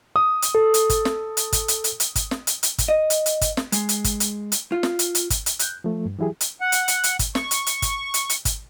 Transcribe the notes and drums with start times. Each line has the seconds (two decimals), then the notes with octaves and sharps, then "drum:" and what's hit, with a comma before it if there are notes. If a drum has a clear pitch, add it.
0.16 D#6
0.42 drum: hi-hat
0.55 A4
0.74 drum: hi-hat
0.90 drum: kick, hi-hat
1.05 drum: snare
1.37 drum: hi-hat
1.53 drum: kick, hi-hat
1.68 drum: hi-hat
1.84 drum: hi-hat
2.00 drum: hi-hat
2.15 drum: kick, hi-hat
2.31 drum: snare
2.47 drum: hi-hat
2.63 drum: hi-hat
2.78 drum: kick, hi-hat
2.88 D#5
3.10 drum: hi-hat
3.26 drum: hi-hat
3.41 drum: kick, hi-hat
3.57 drum: snare
3.72 G#3, drum: hi-hat
3.89 drum: hi-hat
4.04 drum: kick, hi-hat
4.20 drum: hi-hat
4.52 drum: hi-hat
4.72 F4
4.83 drum: snare
4.99 drum: hi-hat
5.15 drum: hi-hat
5.30 drum: kick, hi-hat
5.46 drum: hi-hat
5.59 F#6 G6, drum: hi-hat
5.84 F3 A3
6.06 G2
6.19 E3 F#3 E4 G4 G#4
6.41 drum: hi-hat
6.61 F#5
6.72 drum: hi-hat
6.88 drum: hi-hat
7.04 drum: hi-hat
7.19 drum: kick, hi-hat
7.35 C#6, drum: snare
7.51 drum: hi-hat
7.67 drum: hi-hat
7.82 drum: kick, hi-hat
8.14 drum: hi-hat
8.29 drum: hi-hat
8.45 drum: kick, hi-hat